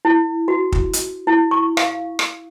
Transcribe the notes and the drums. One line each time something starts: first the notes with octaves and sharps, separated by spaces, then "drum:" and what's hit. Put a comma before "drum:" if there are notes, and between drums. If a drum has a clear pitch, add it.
E4
F#4
drum: kick
drum: hi-hat
E4
C#6
F5, drum: rim click
drum: rim click